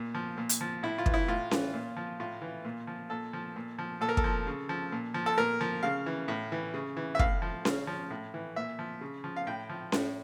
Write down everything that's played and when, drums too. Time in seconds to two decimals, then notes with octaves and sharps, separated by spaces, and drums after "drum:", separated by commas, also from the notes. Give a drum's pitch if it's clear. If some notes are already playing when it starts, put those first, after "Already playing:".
Already playing: A#2
0.15 F3
0.38 A#2
0.49 drum: hi-hat
0.61 F3
0.83 A2 E4
0.98 F4
1.06 E3, drum: kick
1.14 E4
1.28 A2 F4
1.51 E3, drum: snare C#4
1.74 A#2
1.97 F3
2.20 A2 F4
2.42 E3
2.65 A#2
2.87 F3
3.10 A#2 A4
3.33 F3
3.56 A#2
3.79 F3
4.01 A#2 A4
4.09 A#4
4.17 A4, drum: kick
4.24 F3
4.47 C#3
4.69 F3
4.92 A#2
5.14 F3
5.26 A4
5.38 A#2 A#4
5.61 F3
5.83 C#3 F5
6.06 E3
6.28 A2
6.52 E3
6.74 C#3
6.97 E3
7.15 E5
7.19 A2 F5, drum: kick
7.42 F3
7.65 C#3, drum: snare C#4
7.87 F3
8.11 A2
8.34 E3
8.56 A#2 E5
8.79 F3
9.01 C#3
9.24 F3
9.37 F5
9.47 A2 G5
9.70 F3
9.92 A2, drum: snare C#4